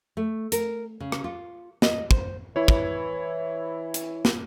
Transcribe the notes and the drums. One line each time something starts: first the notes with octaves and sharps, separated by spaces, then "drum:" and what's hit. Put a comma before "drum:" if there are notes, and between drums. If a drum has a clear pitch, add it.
A3
A#4, drum: hi-hat
C#3
drum: rim click
F4
D#5, drum: snare
C5, drum: kick
E3 E4 C#5
drum: kick
drum: hi-hat
drum: snare